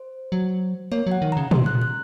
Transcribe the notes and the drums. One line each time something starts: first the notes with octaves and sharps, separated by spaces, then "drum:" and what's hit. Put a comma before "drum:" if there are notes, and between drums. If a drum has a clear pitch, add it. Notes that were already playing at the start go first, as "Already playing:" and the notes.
Already playing: C5
F#3
A#3 C#5
F#3
F#5
D#3
C#3 A#5
C#3 C6, drum: tom A#2
F#6
F#6